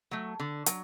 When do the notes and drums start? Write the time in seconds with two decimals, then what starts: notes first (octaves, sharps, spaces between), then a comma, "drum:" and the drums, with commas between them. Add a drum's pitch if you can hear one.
0.11 F#3 A3
0.40 D3
0.66 F#3, drum: hi-hat